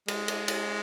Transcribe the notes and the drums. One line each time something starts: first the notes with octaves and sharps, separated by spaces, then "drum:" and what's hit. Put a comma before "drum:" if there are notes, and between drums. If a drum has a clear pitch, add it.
G#3, drum: cymbal
drum: cymbal
drum: cymbal